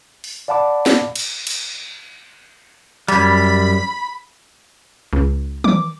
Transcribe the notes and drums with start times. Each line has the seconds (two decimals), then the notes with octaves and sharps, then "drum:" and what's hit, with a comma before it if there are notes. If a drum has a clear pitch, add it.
0.24 drum: open hi-hat
0.48 D5 F5 F#5 A5 B5 D6
0.86 drum: snare
1.15 drum: cymbal
1.47 drum: cymbal
3.08 F#2 G3 B5, drum: hi-hat
5.13 C#2
5.64 D6, drum: tom